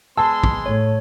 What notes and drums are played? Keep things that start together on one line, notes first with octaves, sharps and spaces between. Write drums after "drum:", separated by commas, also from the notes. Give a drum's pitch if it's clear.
G#3 B3 A5 C6 E6
drum: kick
A2 C#5